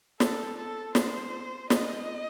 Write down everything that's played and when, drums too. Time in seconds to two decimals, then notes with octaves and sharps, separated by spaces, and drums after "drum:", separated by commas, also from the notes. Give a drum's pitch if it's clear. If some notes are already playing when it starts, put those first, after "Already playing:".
0.20 A4, drum: snare
0.57 A4
0.95 C5, drum: snare
1.70 D#5, drum: snare